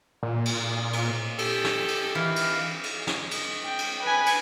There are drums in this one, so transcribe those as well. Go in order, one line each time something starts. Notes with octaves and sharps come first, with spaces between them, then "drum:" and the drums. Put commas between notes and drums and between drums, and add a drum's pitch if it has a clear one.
A#2
drum: cymbal
drum: cymbal
G4 A4, drum: cymbal
drum: snare
drum: cymbal
D#3 E3 G4 F5
drum: cymbal
drum: cymbal
drum: snare
drum: cymbal
G5
drum: cymbal
B4 G#5
drum: cymbal